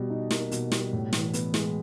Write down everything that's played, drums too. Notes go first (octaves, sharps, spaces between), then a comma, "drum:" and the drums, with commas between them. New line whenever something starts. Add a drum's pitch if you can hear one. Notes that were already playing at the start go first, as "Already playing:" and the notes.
Already playing: B2 G3
D#4
A#3, drum: snare
B2, drum: hi-hat
G3, drum: snare
A2
E3, drum: snare
B3, drum: hi-hat
G#3, drum: snare